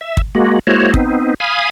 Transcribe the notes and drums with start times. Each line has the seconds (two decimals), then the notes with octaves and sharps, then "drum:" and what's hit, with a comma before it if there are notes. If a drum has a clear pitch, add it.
0.01 E5
0.17 drum: kick
0.35 G#3 A#3 F#4
0.67 G#3 A#3 E4 F#4 C5 C#5
0.94 B3 C4 D#4, drum: kick
1.40 F5 G#5 B5 D#6